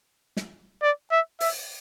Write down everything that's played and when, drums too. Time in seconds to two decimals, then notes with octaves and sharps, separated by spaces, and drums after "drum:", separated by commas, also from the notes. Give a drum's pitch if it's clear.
0.37 drum: snare
0.83 D5
1.12 E5
1.40 E5, drum: open hi-hat